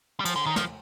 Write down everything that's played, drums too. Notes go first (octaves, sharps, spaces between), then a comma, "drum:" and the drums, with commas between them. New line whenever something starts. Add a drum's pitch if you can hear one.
G3
F3, drum: cymbal
D3
D#3
F3, drum: snare